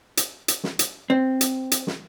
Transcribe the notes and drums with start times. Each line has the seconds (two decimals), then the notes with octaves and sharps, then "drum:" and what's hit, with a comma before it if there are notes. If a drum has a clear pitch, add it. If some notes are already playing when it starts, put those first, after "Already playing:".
0.17 drum: hi-hat
0.48 drum: hi-hat
0.64 drum: snare
0.79 drum: hi-hat
1.10 C4
1.41 drum: hi-hat
1.72 drum: hi-hat
1.87 drum: snare